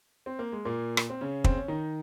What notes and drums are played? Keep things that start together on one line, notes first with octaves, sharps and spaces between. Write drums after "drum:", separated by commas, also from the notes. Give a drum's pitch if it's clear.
C4
A#3
G#3
A#2 A#3
drum: rim click
C4
C#3 C#4
C4, drum: kick
C#4
D#3 D#4